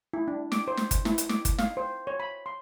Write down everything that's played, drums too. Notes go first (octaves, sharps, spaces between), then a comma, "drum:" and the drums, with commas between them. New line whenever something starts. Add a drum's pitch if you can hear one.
E4
D4
D6, drum: snare
C5
drum: snare
drum: kick G1, hi-hat
E4, drum: snare
drum: hi-hat
D6, drum: snare
drum: kick G1, hi-hat
F5, drum: snare
C5
C#5
B5
C6